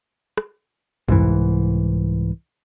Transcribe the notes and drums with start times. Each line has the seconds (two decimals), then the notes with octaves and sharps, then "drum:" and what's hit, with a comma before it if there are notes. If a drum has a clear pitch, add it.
0.37 drum: rim click
1.09 C2 G#2 E3, drum: tom